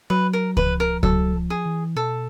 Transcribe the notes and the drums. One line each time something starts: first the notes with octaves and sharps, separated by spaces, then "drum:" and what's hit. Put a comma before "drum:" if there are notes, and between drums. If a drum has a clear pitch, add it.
F#3 B4
A#4
F3 B4, drum: kick C#2
A#4
F#3 A4, drum: kick C#2
F3
G#4
E3
B2 A4